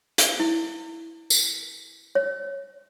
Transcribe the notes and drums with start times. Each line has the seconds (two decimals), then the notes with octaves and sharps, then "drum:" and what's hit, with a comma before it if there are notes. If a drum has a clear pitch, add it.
0.18 drum: hi-hat
0.40 E4
1.30 drum: tambourine
2.15 C#5